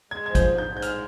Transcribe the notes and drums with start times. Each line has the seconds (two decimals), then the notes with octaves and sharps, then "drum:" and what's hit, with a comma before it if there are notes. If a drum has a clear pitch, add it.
0.11 G#3 G#6
0.26 F3 G#6
0.35 G6, drum: kick, hi-hat
0.47 G#2
0.58 G6
0.65 G#2
0.77 G6
0.82 G#3 F6, drum: hi-hat